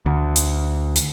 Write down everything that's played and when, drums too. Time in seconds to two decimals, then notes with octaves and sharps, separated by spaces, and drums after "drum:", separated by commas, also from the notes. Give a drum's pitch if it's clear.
0.06 D2
0.36 drum: hi-hat
0.96 drum: hi-hat